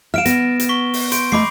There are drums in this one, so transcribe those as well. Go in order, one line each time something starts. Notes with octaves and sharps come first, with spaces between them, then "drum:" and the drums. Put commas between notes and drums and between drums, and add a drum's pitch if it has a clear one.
E5 F5 F6 D7 E7
B3 A#6, drum: hi-hat
drum: hi-hat
C#6 B6 G7
drum: open hi-hat
C6 G6 D7, drum: hi-hat
A3 D#5 B5 D6 C7